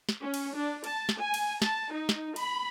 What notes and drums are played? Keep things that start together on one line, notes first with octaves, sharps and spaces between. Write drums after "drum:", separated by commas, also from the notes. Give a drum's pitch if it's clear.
drum: snare
C#4
drum: cymbal
D4
A5, drum: cymbal
drum: snare
G#5
drum: cymbal
A5, drum: snare
D#4
drum: snare
B5, drum: cymbal